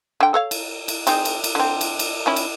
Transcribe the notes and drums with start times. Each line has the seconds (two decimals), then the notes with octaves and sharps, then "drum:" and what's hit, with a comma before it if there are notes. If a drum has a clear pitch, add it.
0.20 D3 G5
0.34 A4 C#5 F5
0.51 drum: cymbal
0.88 drum: cymbal
1.07 G#3 C4 D#4, drum: cymbal
1.25 drum: cymbal
1.44 drum: cymbal
1.55 D3 C4
1.81 drum: cymbal
1.99 drum: cymbal
2.26 D#3 C#4 E4
2.36 drum: cymbal